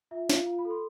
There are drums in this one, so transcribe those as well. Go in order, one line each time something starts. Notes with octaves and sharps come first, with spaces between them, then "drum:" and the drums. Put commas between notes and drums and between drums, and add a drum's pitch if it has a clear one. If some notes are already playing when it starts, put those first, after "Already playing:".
F4 E5
F4, drum: snare
F5
F4
B5
A4
C6